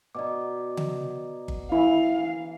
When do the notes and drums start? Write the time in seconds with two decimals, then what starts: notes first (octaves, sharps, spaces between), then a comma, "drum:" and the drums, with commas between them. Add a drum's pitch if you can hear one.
0.15 B2 D#4 D5 D#5 D6
0.77 drum: tom C#3
1.48 drum: kick G1
1.72 E3 E4 F5